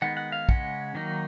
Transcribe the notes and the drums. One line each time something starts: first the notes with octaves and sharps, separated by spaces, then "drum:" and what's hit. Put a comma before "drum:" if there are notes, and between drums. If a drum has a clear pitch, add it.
D#3 G#3 B3 D#4 F#5
F#5
F5
C#3 G#3 C#4 F#5, drum: kick
D#3 F#3 A#3 D#4